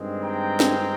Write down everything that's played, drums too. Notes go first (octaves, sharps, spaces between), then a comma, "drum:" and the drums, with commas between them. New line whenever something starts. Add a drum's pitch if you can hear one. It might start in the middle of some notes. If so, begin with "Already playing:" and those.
Already playing: G2 D#3 G#3 C4
G5 A#5
drum: snare